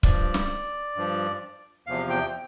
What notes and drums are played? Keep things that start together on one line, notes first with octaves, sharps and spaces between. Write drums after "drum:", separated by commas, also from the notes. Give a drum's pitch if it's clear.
G2 F3 D5, drum: kick
drum: snare
G2 F3
E2 C3 F3 F5
G5